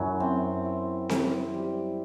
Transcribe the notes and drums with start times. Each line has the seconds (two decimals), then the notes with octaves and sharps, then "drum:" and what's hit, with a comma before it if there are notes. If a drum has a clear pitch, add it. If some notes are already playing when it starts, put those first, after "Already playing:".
Already playing: F#2 F#3 E4
0.20 C4
0.65 E4
1.09 C4, drum: snare C4
1.54 G3